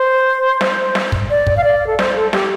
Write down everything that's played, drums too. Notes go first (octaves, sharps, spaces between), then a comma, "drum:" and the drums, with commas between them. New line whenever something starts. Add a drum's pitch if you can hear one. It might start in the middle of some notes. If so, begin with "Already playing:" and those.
Already playing: C5
drum: snare
drum: snare
drum: kick
D5
drum: kick
F5
D5
A4
C5, drum: snare
A4
G4, drum: snare